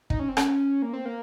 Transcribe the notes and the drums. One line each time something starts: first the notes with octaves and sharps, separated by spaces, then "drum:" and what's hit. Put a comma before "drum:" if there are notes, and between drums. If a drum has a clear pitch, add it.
D#4, drum: kick
C#4
C4
C#4, drum: rim click
A#3
C4
A#3